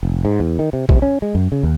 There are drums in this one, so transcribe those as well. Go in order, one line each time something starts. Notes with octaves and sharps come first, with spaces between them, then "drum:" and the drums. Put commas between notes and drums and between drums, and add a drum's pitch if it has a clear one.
F1
G#2
E2
D#3
C3
C3, drum: kick
C#4
G#3
F#2
C#3
D#2